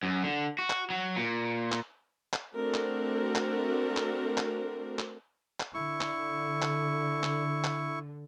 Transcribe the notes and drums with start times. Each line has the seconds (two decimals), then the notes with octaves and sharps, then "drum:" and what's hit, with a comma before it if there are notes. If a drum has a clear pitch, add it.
0.03 F#2
0.24 D3
0.59 F#4
0.70 drum: clap
0.90 F#3
1.17 A#2
1.72 drum: clap
2.33 drum: clap
2.55 A3 C4 D4 F#4 A#4
2.74 drum: clap
3.35 drum: clap
3.97 drum: clap
4.38 drum: clap
4.99 drum: clap
5.60 drum: clap
5.74 D3 E4 C#6
6.01 drum: clap
6.62 drum: clap
7.23 drum: clap
7.64 drum: clap